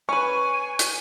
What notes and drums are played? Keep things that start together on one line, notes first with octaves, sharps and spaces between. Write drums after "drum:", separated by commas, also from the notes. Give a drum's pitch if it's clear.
C#4 B4 G#5 C#6
drum: hi-hat